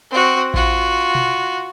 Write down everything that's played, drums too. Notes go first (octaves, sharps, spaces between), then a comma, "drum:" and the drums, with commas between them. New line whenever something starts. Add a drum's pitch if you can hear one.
C4 F#4
F4 F#4, drum: kick A1
drum: tom B2